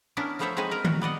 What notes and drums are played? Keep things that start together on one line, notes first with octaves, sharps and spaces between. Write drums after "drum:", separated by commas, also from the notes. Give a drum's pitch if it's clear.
B3 C#4 D4 E4 A#4
F3 A3 B3 C5 C#5 E5
G#3 C4 D#4 F#4 B4 G#5
A#4 A#5
A#2 F#4, drum: tom D#3
B3 D5 D#5 F#5